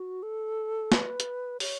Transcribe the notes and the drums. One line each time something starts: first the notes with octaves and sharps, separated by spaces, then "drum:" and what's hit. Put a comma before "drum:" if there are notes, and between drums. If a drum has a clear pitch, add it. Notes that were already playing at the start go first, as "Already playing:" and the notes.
Already playing: F#4
A4
B4, drum: snare
drum: hi-hat
C#5, drum: open hi-hat